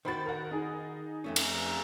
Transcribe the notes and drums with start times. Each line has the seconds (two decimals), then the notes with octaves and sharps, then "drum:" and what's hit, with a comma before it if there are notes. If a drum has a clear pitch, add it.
0.05 D#3 F#4 C5 B5 A6
0.26 A#4 F#5
0.51 D#4 G#4
1.24 F2 A3 C#4
1.36 drum: cymbal